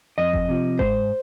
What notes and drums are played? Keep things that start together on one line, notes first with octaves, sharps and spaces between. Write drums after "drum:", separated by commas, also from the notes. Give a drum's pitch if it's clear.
F2 D#5
drum: kick G1
C3 F3
G#2 C5, drum: kick G1